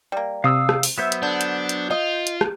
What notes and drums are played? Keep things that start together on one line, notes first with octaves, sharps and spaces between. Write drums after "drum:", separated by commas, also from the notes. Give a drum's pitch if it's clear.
G3 A#3
C3 F5 D#6 E6
drum: rim click
drum: open hi-hat
F#3 B3 C5 E5
drum: hi-hat
D3 D4 G6
drum: hi-hat
drum: hi-hat
F4 D#5
drum: hi-hat
drum: rim click